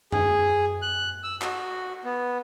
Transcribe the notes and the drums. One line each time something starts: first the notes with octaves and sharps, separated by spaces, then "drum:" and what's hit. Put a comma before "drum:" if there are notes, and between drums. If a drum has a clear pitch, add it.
G#4, drum: tom F#2
F#6
E6
F#4, drum: clap
B3